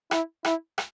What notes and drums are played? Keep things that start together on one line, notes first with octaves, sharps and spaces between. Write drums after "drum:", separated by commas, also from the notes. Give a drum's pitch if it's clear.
E4, drum: rim click
E4, drum: rim click
drum: rim click